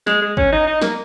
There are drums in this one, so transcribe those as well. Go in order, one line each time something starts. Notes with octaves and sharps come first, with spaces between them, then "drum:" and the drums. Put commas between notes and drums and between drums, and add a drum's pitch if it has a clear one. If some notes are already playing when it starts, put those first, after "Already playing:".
G#3, drum: snare
G#3
C#4, drum: kick
D#4
D#4
A#3, drum: snare